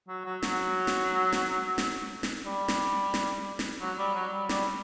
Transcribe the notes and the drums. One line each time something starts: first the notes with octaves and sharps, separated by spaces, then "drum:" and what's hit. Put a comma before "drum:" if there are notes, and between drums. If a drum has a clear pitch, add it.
F#3
F#3
F#3, drum: snare
drum: snare
drum: snare
drum: snare
drum: snare
G3
drum: snare
drum: snare
drum: snare
F#3
G3
F#3
G3
G3, drum: snare